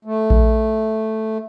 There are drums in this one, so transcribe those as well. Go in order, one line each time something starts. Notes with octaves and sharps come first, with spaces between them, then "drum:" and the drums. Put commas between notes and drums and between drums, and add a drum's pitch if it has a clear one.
A3
drum: kick A#1